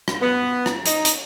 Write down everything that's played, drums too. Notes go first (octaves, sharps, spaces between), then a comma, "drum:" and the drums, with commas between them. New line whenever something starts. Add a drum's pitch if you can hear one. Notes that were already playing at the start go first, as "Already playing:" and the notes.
drum: rim click
B3
drum: rim click
D#4, drum: hi-hat
drum: hi-hat